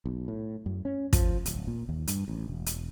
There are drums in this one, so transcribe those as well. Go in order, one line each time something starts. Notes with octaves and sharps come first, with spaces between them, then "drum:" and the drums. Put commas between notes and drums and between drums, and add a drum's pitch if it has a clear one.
B1
A2
F#2
C#4
F3, drum: kick, hi-hat
D1, drum: hi-hat
A#2
D#2
G2, drum: hi-hat
A1
E1
drum: hi-hat